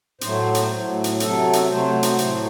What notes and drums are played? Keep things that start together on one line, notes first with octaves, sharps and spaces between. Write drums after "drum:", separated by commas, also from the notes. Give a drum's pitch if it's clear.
A2 F#3 A3 C5, drum: hi-hat
drum: hi-hat
A2 F#3 A3
drum: hi-hat
C3 F#3 A3 A4, drum: hi-hat
drum: hi-hat
C3 F#3 A3 C5
drum: hi-hat
A2 F#3 A3, drum: hi-hat